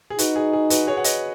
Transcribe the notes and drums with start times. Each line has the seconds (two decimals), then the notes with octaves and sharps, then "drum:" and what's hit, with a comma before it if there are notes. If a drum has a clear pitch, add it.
0.10 G#4
0.18 D#4 F#4 B4, drum: hi-hat
0.36 G#4
0.53 G#4
0.70 F#4 B4, drum: hi-hat
0.87 G#4 C#5
0.97 F#5
1.04 B4 D#5, drum: hi-hat